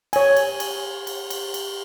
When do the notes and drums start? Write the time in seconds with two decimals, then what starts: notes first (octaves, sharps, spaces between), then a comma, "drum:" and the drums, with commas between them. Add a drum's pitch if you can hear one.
0.13 C#5 G#5, drum: cymbal
0.36 drum: cymbal
0.60 drum: cymbal
1.07 drum: cymbal
1.30 drum: cymbal
1.54 drum: cymbal